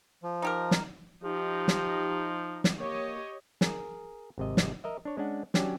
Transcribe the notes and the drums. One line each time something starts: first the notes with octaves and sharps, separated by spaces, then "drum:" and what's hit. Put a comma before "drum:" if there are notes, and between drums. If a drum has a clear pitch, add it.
F3
D#4 G4 A#4
drum: snare
F3 D#4 G4
drum: snare
drum: snare
A#3 G4 C#5 D#5
G#4 A#4, drum: snare
G#1 C3 D#5
drum: snare
A#4 D#5 E5
D4 C#5
G#3 C#4 D4 F#5
F#3 C#4 D4 G4, drum: snare